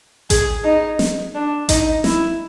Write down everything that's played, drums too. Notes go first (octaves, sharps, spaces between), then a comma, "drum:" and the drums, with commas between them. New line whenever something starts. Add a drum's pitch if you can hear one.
G#4, drum: kick A1, hi-hat
D#4
drum: snare
D4
D#4, drum: kick A1, hi-hat
E4, drum: snare